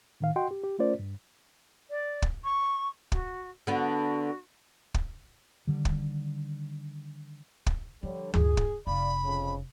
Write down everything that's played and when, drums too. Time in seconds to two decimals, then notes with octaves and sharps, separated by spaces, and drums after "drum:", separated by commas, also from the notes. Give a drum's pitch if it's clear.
0.20 A2 D#3 F5
0.36 F#4 D#5 F#5 G5 C6
0.51 G4
0.64 G4
0.79 A3 C#4 F4 A#4 C5 D5
0.99 G2
1.90 D5
2.22 drum: kick
2.44 C#6
3.12 F#4, drum: kick
3.67 D3 B3 F#4
4.94 drum: kick
5.67 D3 D#3 G3
5.85 drum: kick
7.66 drum: kick
8.03 D3 F3 G3 C#5
8.34 G2 F4 G#4, drum: tom D2
8.57 drum: kick
8.87 F1 D5 F5 B5
9.24 F2 C#3